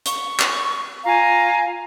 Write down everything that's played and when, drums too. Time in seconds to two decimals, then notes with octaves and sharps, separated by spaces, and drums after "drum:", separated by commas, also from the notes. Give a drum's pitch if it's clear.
0.05 C#6, drum: hi-hat
0.40 drum: clap
1.04 F4 F5 G#5 A#5